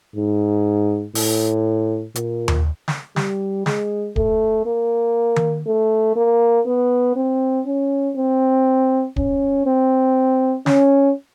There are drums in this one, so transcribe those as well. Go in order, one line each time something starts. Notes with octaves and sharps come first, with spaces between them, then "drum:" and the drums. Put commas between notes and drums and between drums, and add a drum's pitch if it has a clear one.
G#2
A2, drum: open hi-hat
A#2, drum: hi-hat
drum: tom D#2
drum: snare
G3, drum: snare
G#3, drum: snare
A3, drum: kick
A#3
drum: tom D#3
A3
A#3
B3
C4
C#4
C4
C#4, drum: kick
C4
C#4, drum: snare